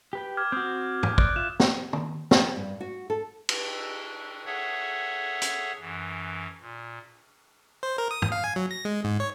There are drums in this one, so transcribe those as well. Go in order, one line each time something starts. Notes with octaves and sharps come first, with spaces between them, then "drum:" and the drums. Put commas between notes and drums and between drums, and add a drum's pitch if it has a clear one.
G4 B4 G5
D6 F6 G#6
C4 F#4 D#6 G6
drum: tom G2
D5 F#6, drum: kick
F4 E5 F6 G6 E7
drum: snare
drum: tom
F3, drum: snare
G2
F#4
A4
drum: cymbal
G#4 A4 C#5 E5 F#5
drum: hi-hat
F#2 E3
A#2
C5
A#4
D#6
drum: tom G2
F5
G#5
F#3
A#6
G#3
G#2
C#5